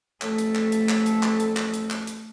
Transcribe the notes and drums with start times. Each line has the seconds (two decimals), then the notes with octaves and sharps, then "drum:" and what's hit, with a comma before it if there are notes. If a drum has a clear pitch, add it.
0.22 A1 F2 A3 A4, drum: clap
0.38 drum: hi-hat
0.55 drum: clap
0.72 drum: hi-hat
0.89 drum: clap
1.06 drum: hi-hat
1.23 drum: clap
1.40 drum: hi-hat
1.57 drum: clap
1.74 drum: hi-hat
1.90 drum: clap
2.07 drum: hi-hat